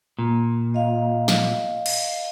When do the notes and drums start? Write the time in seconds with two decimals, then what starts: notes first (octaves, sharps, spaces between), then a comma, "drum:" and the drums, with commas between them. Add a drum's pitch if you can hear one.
0.19 A#2
0.74 D#5 F5
1.28 drum: snare
1.86 drum: cymbal